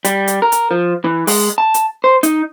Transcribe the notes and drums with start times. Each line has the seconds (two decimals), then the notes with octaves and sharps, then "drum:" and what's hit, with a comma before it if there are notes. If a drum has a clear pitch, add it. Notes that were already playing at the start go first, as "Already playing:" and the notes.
0.05 G3, drum: hi-hat
0.27 drum: hi-hat
0.42 A#4
0.52 drum: hi-hat
0.71 F3
1.04 E3
1.27 G#3, drum: open hi-hat
1.58 A5
1.74 drum: hi-hat
2.04 C5
2.23 D#4, drum: hi-hat